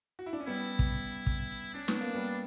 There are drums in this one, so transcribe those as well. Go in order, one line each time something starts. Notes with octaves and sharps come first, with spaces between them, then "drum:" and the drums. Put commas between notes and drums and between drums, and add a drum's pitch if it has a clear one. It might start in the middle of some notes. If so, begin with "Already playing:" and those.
F#4
E4
D4
C#4
G3 B3 E4
drum: kick
drum: kick
C#4 D4
B3, drum: snare
A#3
G3 B3